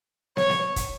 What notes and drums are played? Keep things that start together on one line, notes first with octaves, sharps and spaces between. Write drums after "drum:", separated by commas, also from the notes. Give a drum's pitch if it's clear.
C#5, drum: snare
drum: snare
drum: kick, hi-hat